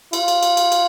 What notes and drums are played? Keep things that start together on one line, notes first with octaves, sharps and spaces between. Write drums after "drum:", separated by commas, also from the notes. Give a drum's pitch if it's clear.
F4, drum: cymbal
drum: cymbal
drum: cymbal
drum: cymbal
drum: cymbal